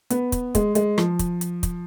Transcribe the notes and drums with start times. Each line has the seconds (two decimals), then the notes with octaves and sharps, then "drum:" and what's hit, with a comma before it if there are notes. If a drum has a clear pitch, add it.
0.10 B3, drum: hi-hat
0.32 drum: kick, hi-hat
0.55 G#3, drum: kick, hi-hat
0.75 G#3, drum: hi-hat
0.98 F3, drum: rim click
1.19 drum: kick, hi-hat
1.41 drum: hi-hat
1.63 drum: kick, hi-hat